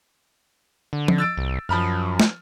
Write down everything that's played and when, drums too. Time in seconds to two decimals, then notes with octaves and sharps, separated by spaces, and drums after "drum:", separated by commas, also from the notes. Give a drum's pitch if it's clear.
0.93 D3
1.08 drum: tom F3
1.18 E6 A6 D7
1.37 C2
1.69 F#2 F3 B5 F6
2.20 drum: snare